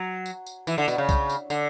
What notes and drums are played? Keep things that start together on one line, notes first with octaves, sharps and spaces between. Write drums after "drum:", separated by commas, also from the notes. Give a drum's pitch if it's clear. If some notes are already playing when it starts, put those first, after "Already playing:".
Already playing: F#3
drum: tambourine
drum: tambourine
E3, drum: tambourine
D3
B2, drum: tambourine
C#3
drum: kick, tambourine
drum: tambourine
D3, drum: tambourine